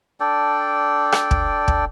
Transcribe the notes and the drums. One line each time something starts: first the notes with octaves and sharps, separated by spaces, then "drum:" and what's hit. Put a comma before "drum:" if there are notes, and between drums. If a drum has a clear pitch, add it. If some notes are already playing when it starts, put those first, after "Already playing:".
D4 A4 D5 G5
drum: rim click
drum: kick
drum: kick